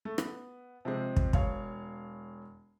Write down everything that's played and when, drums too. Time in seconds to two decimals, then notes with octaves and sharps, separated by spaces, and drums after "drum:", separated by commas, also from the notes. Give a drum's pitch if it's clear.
0.05 A3
0.18 B3, drum: rim click
0.85 C3 F3 G#3 C4
1.16 drum: kick
1.33 E1 C#5 F5, drum: kick